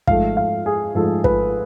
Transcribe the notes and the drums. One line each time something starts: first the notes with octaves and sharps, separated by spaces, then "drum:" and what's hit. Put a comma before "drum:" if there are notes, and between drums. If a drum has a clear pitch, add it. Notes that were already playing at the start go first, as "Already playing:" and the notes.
G#2 F3 A3 F5, drum: kick
F5
G#4
G#2 F3 A3 A4
B4, drum: kick